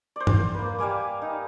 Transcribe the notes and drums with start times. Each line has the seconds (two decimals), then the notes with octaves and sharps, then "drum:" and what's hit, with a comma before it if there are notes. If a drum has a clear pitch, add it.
0.16 C5 D5
0.27 drum: tom G2
0.54 A#3 B4
0.79 G3 F5 G#5 D6
1.22 D#4